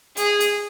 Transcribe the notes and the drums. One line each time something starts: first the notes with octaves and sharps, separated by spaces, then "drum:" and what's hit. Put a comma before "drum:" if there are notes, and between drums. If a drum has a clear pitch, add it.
G#4, drum: hi-hat
drum: hi-hat